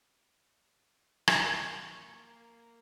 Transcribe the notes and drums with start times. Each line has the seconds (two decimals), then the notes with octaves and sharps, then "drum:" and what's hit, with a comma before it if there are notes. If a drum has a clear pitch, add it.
1.28 drum: rim click
1.54 C#6
1.94 A#3